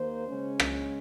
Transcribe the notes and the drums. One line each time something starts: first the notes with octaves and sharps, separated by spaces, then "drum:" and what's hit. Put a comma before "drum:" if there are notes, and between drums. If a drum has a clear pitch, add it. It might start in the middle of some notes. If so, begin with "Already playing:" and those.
Already playing: D#2 D#3 A#3 C5
C#3 G#3 C#4
drum: rim click